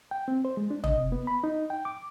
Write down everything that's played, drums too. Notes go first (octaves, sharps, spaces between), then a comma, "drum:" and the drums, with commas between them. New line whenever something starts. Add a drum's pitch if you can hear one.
G5
C4
C5
G#3
D4
D#5, drum: tom
C3
B3
B5
D#4
G5
D6